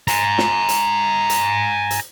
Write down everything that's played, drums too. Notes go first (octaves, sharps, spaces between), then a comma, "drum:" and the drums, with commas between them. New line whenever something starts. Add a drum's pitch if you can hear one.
G#5 A#5, drum: hi-hat
drum: snare
drum: hi-hat
drum: hi-hat
drum: hi-hat